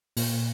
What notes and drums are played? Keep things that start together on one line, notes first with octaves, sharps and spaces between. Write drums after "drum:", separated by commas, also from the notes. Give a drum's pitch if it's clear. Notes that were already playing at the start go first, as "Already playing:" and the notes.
A#2, drum: open hi-hat